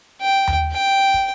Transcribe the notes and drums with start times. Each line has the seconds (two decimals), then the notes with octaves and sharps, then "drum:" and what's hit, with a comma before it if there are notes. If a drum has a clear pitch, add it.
0.21 G5
0.47 drum: tom D#2
0.72 G5
1.14 drum: kick